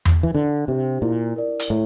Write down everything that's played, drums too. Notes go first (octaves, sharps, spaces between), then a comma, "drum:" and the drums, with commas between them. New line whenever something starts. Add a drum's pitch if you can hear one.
drum: tom E2
E3
D3 D4
C3 G4 C5
A#2 E4
A#4 D5
drum: hi-hat
A2 E4